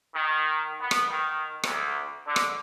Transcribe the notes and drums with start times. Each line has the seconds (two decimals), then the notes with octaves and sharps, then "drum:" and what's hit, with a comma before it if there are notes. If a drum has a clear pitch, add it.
0.15 D#3
0.80 B3
0.91 drum: rim click
1.10 D#3
1.63 D2, drum: rim click
2.26 D3
2.36 drum: rim click